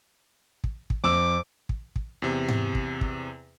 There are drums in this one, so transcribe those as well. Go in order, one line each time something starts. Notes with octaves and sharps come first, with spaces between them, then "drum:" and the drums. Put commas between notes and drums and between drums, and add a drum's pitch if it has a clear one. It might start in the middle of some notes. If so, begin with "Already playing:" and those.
drum: kick
drum: kick
F2 D6 E6
drum: kick
drum: kick
E2 C3
drum: tom G#2
drum: kick
drum: kick